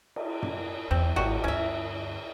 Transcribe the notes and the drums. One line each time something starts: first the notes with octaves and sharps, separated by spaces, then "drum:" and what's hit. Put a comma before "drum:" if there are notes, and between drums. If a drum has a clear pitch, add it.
drum: cymbal
drum: tom F#2
E2 C4
G#1 G#2 F#4 G4, drum: cymbal
D2 G2 C#4 E5